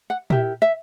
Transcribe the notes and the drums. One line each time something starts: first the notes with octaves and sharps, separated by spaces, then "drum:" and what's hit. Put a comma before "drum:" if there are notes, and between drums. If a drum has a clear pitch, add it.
F#5
E4 G4 A#4 E5, drum: tom A#2
E5